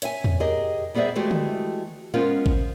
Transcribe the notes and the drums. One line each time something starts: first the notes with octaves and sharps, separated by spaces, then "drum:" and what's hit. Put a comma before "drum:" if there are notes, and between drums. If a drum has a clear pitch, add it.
C#5 E5 F5 G#5, drum: hi-hat
drum: tom E2
G4 G#4 A#4 D#5
G3 B3 G#4 C5 D5 E5
E3 G#3 A3 F#4 G4
drum: tom D3
G#3 B3 C#4 F4 A#4 C5
drum: kick